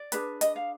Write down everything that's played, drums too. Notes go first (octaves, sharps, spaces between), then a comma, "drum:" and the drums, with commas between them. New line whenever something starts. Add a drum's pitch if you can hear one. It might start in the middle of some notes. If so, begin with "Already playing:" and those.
Already playing: D5
D4 G#4 B4, drum: hi-hat
D#5, drum: hi-hat
F5